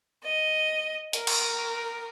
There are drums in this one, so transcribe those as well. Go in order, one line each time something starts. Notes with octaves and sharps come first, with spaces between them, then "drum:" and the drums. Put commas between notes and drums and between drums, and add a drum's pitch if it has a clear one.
D#5
A#4, drum: hi-hat
drum: cymbal